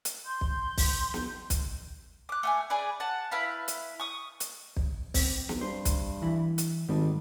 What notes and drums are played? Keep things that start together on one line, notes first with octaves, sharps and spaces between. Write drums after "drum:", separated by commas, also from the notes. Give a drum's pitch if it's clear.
drum: hi-hat
C6 G6
drum: kick
drum: kick, open hi-hat
drum: snare
drum: kick, hi-hat
D6 F#6
A3 F#5 G#5
G#4 B4 D5
F#5 A5
E4 B4 F5 B5
drum: hi-hat
C#6 D#6
drum: hi-hat
drum: kick
C4, drum: kick, open hi-hat
drum: snare
G2 C5
drum: kick, hi-hat
E3 E4
drum: hi-hat
G#1 G#2 D#3 G3